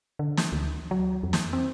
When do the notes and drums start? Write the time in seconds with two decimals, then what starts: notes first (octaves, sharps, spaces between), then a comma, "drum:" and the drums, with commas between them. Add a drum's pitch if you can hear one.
0.19 D3
0.37 drum: snare
0.52 D2
0.91 F#3
1.23 F2
1.33 drum: snare
1.53 C4